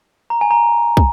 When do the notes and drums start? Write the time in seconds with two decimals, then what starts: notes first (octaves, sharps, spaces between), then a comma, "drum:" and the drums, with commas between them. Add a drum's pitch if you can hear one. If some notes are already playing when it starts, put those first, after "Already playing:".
0.30 A#5
0.41 G#5
0.51 A#5
0.97 drum: kick